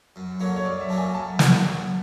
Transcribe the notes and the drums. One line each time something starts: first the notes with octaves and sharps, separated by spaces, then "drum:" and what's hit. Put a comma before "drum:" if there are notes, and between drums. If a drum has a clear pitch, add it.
F#2
D3 F#3 A#3 C#5
C#5
F#2 D5
E5
D3 F#3 A#3 A5
G#5
F#2 A5
D3 F#3 A#3, drum: snare
F#2